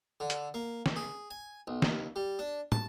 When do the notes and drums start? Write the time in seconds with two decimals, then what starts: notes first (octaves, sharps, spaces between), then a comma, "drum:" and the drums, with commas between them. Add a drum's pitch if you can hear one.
0.20 D3
0.30 drum: hi-hat
0.54 A#3
0.86 drum: snare
0.96 G#4
1.31 G#5
1.67 B1
1.82 D#2, drum: snare
2.16 G3
2.39 D4
2.72 A5, drum: tom